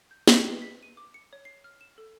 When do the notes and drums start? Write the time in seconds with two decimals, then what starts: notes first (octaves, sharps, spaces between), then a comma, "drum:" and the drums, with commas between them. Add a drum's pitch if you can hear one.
0.11 G6
0.28 D#5, drum: snare
0.48 B4
0.62 B6
0.83 D#7
0.97 D6
1.14 C#7
1.33 C#5
1.45 C7
1.64 F6
1.81 E7
1.98 A4